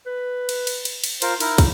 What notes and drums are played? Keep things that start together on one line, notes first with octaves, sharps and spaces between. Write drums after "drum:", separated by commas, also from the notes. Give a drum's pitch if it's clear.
B4
drum: cymbal
drum: cymbal
drum: cymbal
drum: cymbal
F4 A#4 C5, drum: cymbal
D#4 E4 A#4, drum: cymbal
drum: kick, cymbal